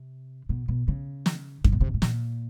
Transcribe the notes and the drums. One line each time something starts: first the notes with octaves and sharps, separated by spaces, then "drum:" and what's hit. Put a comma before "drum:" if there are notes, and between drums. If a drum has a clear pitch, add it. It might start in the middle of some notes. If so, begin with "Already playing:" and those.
Already playing: C3
B2
B2
C#3
drum: snare
C3, drum: kick F#2
B2
C3
A2
A#2, drum: snare